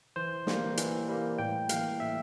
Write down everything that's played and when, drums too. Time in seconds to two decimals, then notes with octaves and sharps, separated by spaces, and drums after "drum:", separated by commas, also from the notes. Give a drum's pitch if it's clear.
0.16 E3 C5
0.47 G3 A#3, drum: snare
0.77 E3, drum: hi-hat
1.08 G3 A#3
1.38 A2 G5
1.69 E3 G3 A#3 F5, drum: hi-hat
2.00 A2 E5